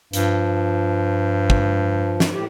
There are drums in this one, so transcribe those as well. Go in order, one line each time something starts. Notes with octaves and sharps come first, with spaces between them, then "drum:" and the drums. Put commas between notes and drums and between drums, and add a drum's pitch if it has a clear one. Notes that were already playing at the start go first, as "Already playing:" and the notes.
G2 F3, drum: hi-hat
drum: kick
drum: snare
A2 G4